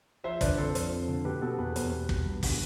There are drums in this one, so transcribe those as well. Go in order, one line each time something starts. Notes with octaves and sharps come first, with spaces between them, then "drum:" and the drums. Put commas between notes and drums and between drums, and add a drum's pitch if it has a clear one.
F3 C5 E5
D3 B4 D5, drum: kick, hi-hat
F2 A4 C5
F3, drum: hi-hat
F2
D3
B2 G4 B4
B2 A4
E2 G4 B4
E2, drum: hi-hat
B2
B2, drum: kick
G2
D3, drum: kick, open hi-hat